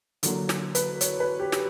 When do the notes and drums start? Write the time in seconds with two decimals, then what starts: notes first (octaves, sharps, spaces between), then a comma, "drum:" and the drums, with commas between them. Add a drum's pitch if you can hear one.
0.23 D3 F#3 A#3, drum: hi-hat
0.49 drum: snare
0.75 B4, drum: hi-hat
1.01 C#5, drum: hi-hat
1.20 B4
1.39 G4
1.52 drum: snare